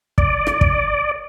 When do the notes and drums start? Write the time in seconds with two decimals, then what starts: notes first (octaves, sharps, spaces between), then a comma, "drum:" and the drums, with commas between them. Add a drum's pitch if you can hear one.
0.18 D5, drum: kick
0.47 drum: rim click
0.61 drum: kick